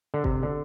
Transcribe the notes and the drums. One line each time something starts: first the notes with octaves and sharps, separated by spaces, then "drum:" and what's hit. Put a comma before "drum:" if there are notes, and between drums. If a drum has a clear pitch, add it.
D3
C3, drum: kick G1
D3